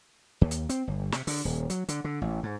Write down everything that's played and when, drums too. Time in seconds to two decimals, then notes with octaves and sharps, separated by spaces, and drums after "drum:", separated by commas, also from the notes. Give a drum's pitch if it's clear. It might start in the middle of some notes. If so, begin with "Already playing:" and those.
0.41 D#2
0.51 drum: hi-hat
0.69 C4, drum: hi-hat
0.87 G1
1.12 C3, drum: snare
1.27 D3, drum: open hi-hat
1.45 D#1
1.70 F#3, drum: hi-hat
1.88 D3, drum: hi-hat
2.04 D3
2.22 A1
2.43 G#2